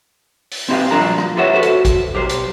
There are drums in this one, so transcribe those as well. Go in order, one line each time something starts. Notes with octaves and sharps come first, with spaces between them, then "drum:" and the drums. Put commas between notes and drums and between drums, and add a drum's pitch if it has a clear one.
drum: open hi-hat
C4 D#4 E4 G4 B4 F5
G2 A#2 F3 D4 A#4 A#5
F3, drum: rim click
F4 G4 B4 C#5 E5 F#5
F#4 A4 B4 C5
drum: hi-hat
drum: kick A1, hi-hat
B1 G4 A#4 C5
drum: hi-hat